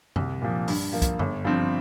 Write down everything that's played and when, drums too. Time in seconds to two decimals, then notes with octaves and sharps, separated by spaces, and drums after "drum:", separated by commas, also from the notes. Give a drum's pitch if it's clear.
0.16 C2, drum: tom F#2
0.42 A#2 F3
0.68 G2, drum: open hi-hat
0.93 F3 A#3
1.02 drum: kick, hi-hat
1.19 G1, drum: tom F#2
1.45 G2 F3 C4